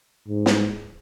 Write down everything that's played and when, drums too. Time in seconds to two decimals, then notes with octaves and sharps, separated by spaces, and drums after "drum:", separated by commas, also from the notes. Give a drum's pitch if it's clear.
0.28 G#2
0.46 drum: snare